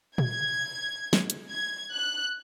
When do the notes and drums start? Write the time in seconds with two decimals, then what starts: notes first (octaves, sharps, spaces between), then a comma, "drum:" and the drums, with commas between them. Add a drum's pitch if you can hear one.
0.18 G#6, drum: tom A#2
1.13 drum: snare
1.30 drum: hi-hat
1.50 G#6
1.92 F#6